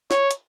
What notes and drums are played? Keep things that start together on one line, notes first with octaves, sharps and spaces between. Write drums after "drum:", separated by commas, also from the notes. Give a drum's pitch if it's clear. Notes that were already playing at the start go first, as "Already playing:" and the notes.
C#5, drum: snare
drum: hi-hat